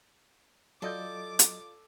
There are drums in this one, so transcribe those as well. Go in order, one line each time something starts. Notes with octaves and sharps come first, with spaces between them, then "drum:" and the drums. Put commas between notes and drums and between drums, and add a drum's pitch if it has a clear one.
F#3 F4 A4 D5 D#5 D6 G6
drum: hi-hat